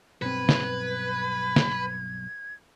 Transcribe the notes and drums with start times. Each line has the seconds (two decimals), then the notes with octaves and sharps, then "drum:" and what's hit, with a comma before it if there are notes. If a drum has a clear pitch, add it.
0.22 B1 G2 C4 B4 G#6
0.49 drum: snare
1.56 drum: snare